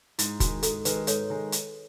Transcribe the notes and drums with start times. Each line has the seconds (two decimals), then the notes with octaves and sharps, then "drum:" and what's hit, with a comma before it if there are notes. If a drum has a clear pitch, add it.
0.19 G#2 E4, drum: hi-hat
0.40 D#3 G#3 F#4, drum: kick, hi-hat
0.63 G#2 A4, drum: hi-hat
0.85 D#3 G#3 B4, drum: hi-hat
0.97 B4
1.07 G#2 A4 C#5, drum: hi-hat
1.30 D#3 G#3
1.52 drum: hi-hat